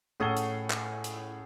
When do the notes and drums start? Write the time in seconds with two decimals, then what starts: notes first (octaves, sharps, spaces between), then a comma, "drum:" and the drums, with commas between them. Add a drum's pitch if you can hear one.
0.20 A2 C#4 G#4 A4 F#5 G7
0.37 drum: hi-hat
0.70 drum: clap
1.04 drum: hi-hat